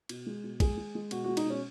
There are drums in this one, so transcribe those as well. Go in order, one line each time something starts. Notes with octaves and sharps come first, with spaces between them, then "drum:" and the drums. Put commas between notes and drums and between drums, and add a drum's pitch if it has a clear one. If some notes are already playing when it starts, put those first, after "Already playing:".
B2, drum: cymbal
G#3
B2
G#3 G#4, drum: kick, cymbal
G#3
G#3
B2 F#4, drum: cymbal
G#3 F#4
D#4, drum: cymbal
B2 C#4